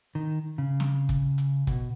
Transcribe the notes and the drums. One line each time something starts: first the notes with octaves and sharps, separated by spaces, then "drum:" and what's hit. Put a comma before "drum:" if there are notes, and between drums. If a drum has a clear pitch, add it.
D#3
C#3
drum: snare
drum: kick, hi-hat
drum: hi-hat
B2, drum: kick, hi-hat